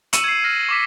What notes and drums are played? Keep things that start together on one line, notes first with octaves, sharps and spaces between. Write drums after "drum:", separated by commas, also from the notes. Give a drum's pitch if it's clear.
C#6 E6 C#7 D#7 E7 F#7, drum: hi-hat
G#6 C7
F6 A#6
C#6 D6 B6